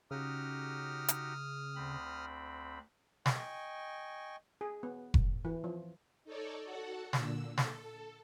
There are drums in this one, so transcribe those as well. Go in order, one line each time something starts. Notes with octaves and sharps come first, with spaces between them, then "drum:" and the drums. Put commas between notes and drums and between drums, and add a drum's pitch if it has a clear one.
C#3 D#4 F#4 G4 D#6 F6
drum: hi-hat
D2 C4 B5
D#5 G5 G#5 C#6, drum: snare
G#4
B3
drum: kick F1
E3
F3
D#4 A4 C#5 D5
F#4 A4 F#5
A#2 D3 E6, drum: snare
A4, drum: snare